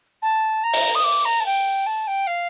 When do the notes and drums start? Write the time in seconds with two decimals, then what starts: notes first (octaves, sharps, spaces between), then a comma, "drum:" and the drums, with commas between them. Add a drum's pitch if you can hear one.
0.22 A5
0.63 A#5
0.73 drum: open hi-hat
0.95 D#6
1.03 D6
1.25 A#5
1.40 A5
1.45 G5
1.86 A5
2.07 G5
2.26 F5